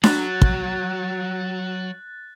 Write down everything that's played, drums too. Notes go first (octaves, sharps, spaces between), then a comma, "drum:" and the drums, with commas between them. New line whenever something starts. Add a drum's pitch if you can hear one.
F#3 F#4 F#6 A6, drum: snare D4
drum: kick